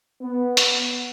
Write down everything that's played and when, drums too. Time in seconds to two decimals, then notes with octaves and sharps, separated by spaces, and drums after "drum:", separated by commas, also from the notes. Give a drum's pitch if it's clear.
0.22 B3
0.57 drum: hi-hat